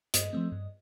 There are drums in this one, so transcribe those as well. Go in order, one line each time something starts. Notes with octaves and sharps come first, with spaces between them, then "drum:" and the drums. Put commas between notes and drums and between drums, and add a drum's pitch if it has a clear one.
G2 D#5, drum: hi-hat
F3 A3 C4
G2